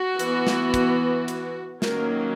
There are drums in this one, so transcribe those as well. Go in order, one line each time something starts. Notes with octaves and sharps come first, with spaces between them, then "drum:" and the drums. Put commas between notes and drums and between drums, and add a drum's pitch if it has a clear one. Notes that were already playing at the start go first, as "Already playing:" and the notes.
Already playing: F#4
E3 B3, drum: hi-hat
drum: snare
drum: kick, hi-hat
drum: hi-hat
D#3 F#3 A#3 C#4 A#4, drum: snare